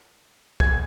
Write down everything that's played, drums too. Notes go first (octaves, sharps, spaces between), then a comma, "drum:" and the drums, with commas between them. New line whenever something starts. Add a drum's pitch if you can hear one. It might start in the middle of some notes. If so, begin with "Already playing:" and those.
G#6, drum: kick